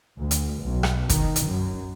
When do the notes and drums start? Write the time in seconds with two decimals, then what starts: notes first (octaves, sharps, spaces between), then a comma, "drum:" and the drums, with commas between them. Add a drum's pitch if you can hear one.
0.18 D2
0.31 drum: hi-hat
0.62 B1
0.83 drum: rim click
1.09 D#3, drum: kick, hi-hat
1.36 drum: hi-hat
1.46 F#2